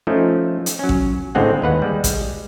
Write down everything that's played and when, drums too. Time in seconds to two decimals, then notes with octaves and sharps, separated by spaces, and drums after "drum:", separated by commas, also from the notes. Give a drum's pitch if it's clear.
0.07 F3 A3 C#4 D#4
0.66 drum: hi-hat
0.79 F#3 C#4
0.89 drum: kick A1
1.35 A2 D3 G#3 C4 F5 F#5
1.62 D#2 B4 F#5
1.82 G3 G#3
2.04 drum: kick A1, hi-hat